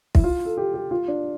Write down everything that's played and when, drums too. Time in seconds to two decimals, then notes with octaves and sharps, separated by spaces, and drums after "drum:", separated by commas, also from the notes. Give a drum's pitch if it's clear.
0.15 E4, drum: kick
0.24 F4
0.45 A4
0.57 G4
0.74 G4
0.91 F4
1.08 D4